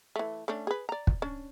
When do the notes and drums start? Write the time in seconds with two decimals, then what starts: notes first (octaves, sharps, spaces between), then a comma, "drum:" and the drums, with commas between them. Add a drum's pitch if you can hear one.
0.16 E3 A3
0.48 A3 C#4 D4
0.67 G#4 B4
0.89 D5 A#5
1.07 drum: kick
1.22 C#4 D4